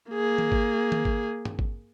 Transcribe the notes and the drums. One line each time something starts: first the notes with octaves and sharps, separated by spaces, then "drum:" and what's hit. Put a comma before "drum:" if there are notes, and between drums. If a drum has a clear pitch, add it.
A#3 G#4
drum: tom D#3
drum: kick G#1
drum: tom D#3
drum: kick G#1
drum: tom G2
drum: kick G#1